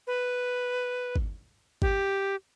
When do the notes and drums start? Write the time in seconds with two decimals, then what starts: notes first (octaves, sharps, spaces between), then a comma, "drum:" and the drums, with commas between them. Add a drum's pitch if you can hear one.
0.07 B4
1.16 drum: kick
1.82 G4, drum: kick